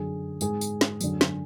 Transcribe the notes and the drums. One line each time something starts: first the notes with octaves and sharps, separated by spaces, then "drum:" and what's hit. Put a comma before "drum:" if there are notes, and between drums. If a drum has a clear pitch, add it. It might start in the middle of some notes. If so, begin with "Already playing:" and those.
Already playing: F#2 D3 G#4
G#2 G#4, drum: tambourine
drum: tambourine
drum: snare
F#2 D3, drum: tambourine
drum: snare